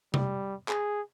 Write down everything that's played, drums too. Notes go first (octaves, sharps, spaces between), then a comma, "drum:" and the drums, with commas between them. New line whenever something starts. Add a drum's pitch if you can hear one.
G3, drum: tom C3
G#4, drum: clap